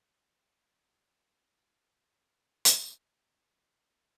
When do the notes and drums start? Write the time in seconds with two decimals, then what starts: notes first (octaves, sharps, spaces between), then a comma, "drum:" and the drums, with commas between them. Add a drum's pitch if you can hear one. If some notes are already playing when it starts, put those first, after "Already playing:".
Already playing: F#4
1.03 E4
1.25 E4
1.67 A4
2.32 G#4
2.65 drum: hi-hat
2.97 A4
3.30 B4
3.62 C#5